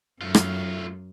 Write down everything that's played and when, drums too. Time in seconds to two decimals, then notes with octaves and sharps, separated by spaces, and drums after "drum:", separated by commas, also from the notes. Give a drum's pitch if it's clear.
0.21 F#2 A3 F4
0.35 drum: rim click